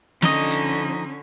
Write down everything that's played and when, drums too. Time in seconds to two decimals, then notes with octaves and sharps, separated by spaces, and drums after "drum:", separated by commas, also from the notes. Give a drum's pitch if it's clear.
0.22 D3 F3 C#4 D#4 D#5, drum: snare
0.50 drum: hi-hat